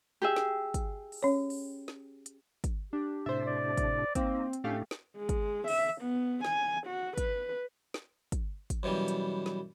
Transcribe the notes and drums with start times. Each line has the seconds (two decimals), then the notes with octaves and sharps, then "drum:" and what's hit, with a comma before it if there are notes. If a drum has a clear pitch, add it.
0.22 G4 G#4 E5
0.36 drum: snare
0.74 drum: kick, hi-hat
1.12 drum: open hi-hat
1.23 C#4 C#5
1.50 drum: open hi-hat
1.88 drum: snare
2.26 drum: hi-hat
2.64 drum: kick, hi-hat
2.93 D4 G4
3.26 A2 C3 D4 C5 E5
3.46 D5
3.77 drum: kick, hi-hat
4.15 A#3 C4 D#4, drum: kick, hi-hat
4.53 drum: hi-hat
4.64 A2 A3 C#4 D4 G4 F5
4.91 drum: snare
5.16 G#3
5.29 drum: kick, hi-hat
5.68 E5, drum: open hi-hat
6.02 B3
6.44 G#5, drum: snare
6.87 F#4
7.18 B4, drum: kick, hi-hat
7.94 drum: snare
8.32 drum: kick, hi-hat
8.70 drum: kick, hi-hat
8.83 F#2 B2 E3 G3
9.08 drum: hi-hat
9.46 drum: snare